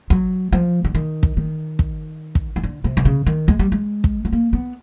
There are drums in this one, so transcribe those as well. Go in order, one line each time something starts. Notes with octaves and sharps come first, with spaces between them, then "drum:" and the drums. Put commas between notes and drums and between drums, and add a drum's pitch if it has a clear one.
F#3, drum: kick
F3
D3
D#3
drum: kick
D#3
drum: kick
drum: kick
D#3
D3
C3
D3
C#3
D#3
G#3, drum: kick
G3
G#3
drum: kick
B3
A#3
B3